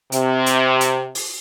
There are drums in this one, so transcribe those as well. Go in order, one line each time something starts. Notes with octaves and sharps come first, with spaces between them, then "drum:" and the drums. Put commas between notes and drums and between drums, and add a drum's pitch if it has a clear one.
C3, drum: hi-hat
drum: hi-hat
drum: hi-hat
drum: open hi-hat